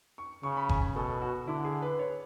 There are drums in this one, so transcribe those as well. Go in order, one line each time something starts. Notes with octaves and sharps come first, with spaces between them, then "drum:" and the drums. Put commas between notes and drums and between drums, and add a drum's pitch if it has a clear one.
C#6
C#3 C#6
B5
G#5, drum: kick F#1
G#5
B2 A4
F#4
D3 E4
G#4
B4
C#5